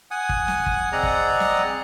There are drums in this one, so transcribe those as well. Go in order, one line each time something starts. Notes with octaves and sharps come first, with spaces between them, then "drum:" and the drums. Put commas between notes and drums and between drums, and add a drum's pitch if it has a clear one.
F#5 G#5 D#6
drum: kick
drum: snare
drum: kick
C4 G#4 D5 D#5 F#5 A#5
drum: kick
drum: snare